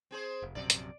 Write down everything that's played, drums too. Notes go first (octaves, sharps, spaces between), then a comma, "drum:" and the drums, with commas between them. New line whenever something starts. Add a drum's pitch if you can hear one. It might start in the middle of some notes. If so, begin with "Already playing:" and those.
C4 G#4 C5
F1
A#1 F#2 C3 D5
drum: hi-hat